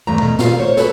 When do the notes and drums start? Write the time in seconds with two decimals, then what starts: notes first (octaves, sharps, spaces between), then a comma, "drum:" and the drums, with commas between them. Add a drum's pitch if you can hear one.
0.07 E2 G2 A3 A#5
0.21 B2
0.39 A#2 F4 F5, drum: snare
0.60 C5 C#5
0.77 A4 B4, drum: snare